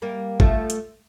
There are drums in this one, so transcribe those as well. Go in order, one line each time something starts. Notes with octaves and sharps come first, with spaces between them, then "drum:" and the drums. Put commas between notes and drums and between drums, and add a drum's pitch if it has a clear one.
G3 A#3
F3 A3, drum: kick
drum: hi-hat